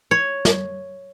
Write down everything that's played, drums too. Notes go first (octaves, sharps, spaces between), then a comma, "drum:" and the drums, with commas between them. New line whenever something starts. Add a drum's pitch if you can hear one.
C#5
drum: snare